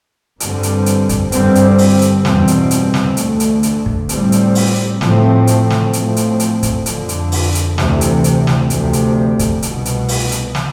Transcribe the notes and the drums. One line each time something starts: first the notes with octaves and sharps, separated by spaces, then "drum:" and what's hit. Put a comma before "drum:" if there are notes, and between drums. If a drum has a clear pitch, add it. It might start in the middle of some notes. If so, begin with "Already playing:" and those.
G2 D3 G3 C4, drum: hi-hat
drum: hi-hat
drum: hi-hat
drum: kick, hi-hat
G2 D3 G3 C4, drum: hi-hat
drum: hi-hat
drum: open hi-hat
drum: hi-hat
E2 B2 G3 C4, drum: snare
drum: hi-hat
drum: hi-hat
drum: snare
D2 D3 A3, drum: hi-hat
drum: hi-hat
drum: hi-hat
drum: kick
A2 G3 C4, drum: hi-hat
drum: hi-hat
drum: open hi-hat
A2 F3 A3 C4, drum: snare
drum: hi-hat
drum: snare
A2 F3 A3 C4, drum: hi-hat
drum: hi-hat
drum: hi-hat
drum: kick, hi-hat
F2 D3 F3, drum: hi-hat
drum: hi-hat
drum: open hi-hat
drum: hi-hat
D2 C3 E3, drum: snare
drum: hi-hat
drum: hi-hat
drum: snare
D2 C3 F3, drum: hi-hat
drum: hi-hat
drum: kick, hi-hat
C2 B2 B3, drum: hi-hat
drum: hi-hat
drum: open hi-hat
drum: hi-hat
drum: snare